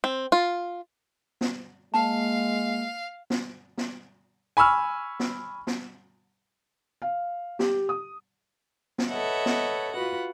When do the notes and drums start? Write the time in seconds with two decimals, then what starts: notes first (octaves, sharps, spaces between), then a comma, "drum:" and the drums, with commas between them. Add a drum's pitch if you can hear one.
0.04 C4
0.32 F4
1.41 drum: snare B3
1.94 G#3 A#3 F5 A5
3.30 drum: snare B3
3.78 drum: snare B3
4.57 G#5 B5 C#6 E6 F6
5.20 drum: snare B3
5.67 drum: snare B3
7.02 F5
7.59 G4, drum: snare B3
7.89 D#6
8.98 drum: snare B3
9.08 A4 B4 C#5 D#5 E5 F#5
9.46 drum: snare B3
9.93 F4 F#4 B4 F#5